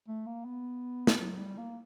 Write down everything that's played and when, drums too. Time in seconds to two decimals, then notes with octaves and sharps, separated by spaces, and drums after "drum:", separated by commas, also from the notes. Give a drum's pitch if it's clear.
0.08 A3
0.26 A#3
0.45 B3
1.07 drum: snare
1.19 F#3
1.38 G3
1.57 A#3